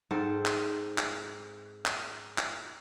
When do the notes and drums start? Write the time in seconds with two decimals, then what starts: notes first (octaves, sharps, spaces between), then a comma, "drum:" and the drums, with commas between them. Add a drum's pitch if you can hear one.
0.11 G#2 C4 A4
0.46 drum: clap
0.98 drum: clap
1.86 drum: clap
2.38 drum: clap